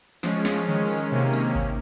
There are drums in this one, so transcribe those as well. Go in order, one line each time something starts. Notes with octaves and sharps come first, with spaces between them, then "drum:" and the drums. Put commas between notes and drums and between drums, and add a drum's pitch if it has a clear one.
F3 G#3 C#4, drum: snare
drum: snare
D#3 G#3 C#4
drum: tambourine
C3 D#3 A#3 C#4
drum: tambourine
drum: kick G#1